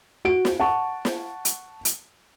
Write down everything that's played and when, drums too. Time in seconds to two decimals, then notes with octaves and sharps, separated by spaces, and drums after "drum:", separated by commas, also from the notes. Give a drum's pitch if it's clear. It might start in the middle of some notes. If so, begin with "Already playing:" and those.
0.25 F#4 D7
0.45 drum: snare
0.60 F#5 A5 C#6
1.05 drum: snare
1.45 drum: hi-hat
1.85 drum: hi-hat